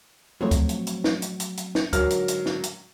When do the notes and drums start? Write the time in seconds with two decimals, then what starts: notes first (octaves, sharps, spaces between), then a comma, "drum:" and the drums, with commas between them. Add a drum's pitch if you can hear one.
0.41 F3 F#3 A3 C4 C#5
0.51 drum: kick D2, hi-hat
0.69 drum: hi-hat
0.87 drum: hi-hat
1.04 drum: snare
1.22 drum: hi-hat
1.40 drum: hi-hat
1.57 drum: hi-hat
1.75 drum: snare
1.93 G#2 D3 F#3 A#4 F6, drum: kick D2, hi-hat
2.10 drum: hi-hat
2.28 drum: hi-hat
2.46 drum: snare
2.64 drum: hi-hat